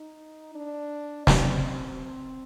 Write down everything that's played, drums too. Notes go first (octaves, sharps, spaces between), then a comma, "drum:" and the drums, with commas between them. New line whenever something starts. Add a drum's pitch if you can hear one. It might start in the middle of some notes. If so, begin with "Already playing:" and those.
Already playing: D#4
D4
C4, drum: snare